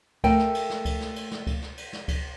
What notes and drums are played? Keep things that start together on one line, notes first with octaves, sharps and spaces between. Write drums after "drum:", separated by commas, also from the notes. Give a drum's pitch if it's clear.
A3 A#4 G5, drum: kick C#2, cymbal
drum: snare
drum: cymbal
drum: snare
drum: kick C#2, cymbal
drum: snare
drum: cymbal
drum: snare
drum: kick C#2, cymbal
drum: snare
drum: cymbal
drum: snare
drum: kick C#2, cymbal